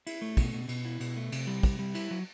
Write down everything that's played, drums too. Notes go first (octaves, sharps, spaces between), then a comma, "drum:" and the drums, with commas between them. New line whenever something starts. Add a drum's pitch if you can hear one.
E4, drum: cymbal
A3
B2, drum: kick, cymbal
B2
B2, drum: cymbal
E4
B2, drum: cymbal
A3
C3, drum: cymbal
G3
C3, drum: kick, cymbal
G3
E4, drum: cymbal
F#3